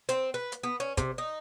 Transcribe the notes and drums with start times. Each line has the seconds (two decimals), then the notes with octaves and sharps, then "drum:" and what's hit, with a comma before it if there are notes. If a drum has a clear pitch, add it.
0.09 C4, drum: hi-hat
0.34 B4
0.52 drum: hi-hat
0.63 B3
0.80 C#4
0.97 C3, drum: kick, hi-hat
1.18 D#4